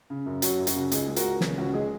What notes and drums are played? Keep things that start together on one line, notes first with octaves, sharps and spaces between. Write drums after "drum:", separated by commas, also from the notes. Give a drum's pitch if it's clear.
C#3
F#2
F#3 C#4 F#4, drum: hi-hat
F#2
C#4 F#4, drum: hi-hat
C#3
C#2 D#4 G#4, drum: hi-hat
G#3
F#4 A#4, drum: hi-hat
C#2
C#3 C#4, drum: snare
C#2 C#4 F#4
G#3 D#4 G#4